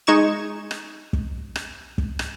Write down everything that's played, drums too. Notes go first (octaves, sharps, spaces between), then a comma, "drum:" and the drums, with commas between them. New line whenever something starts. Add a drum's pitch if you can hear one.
G#3 D#4 C#6 G#6 E7
drum: rim click
drum: kick
drum: rim click
drum: kick
drum: rim click